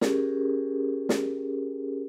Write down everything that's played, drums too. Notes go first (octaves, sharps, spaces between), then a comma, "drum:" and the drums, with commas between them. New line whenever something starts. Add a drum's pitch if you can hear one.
C#4 G4 G#4 A#4, drum: snare
drum: snare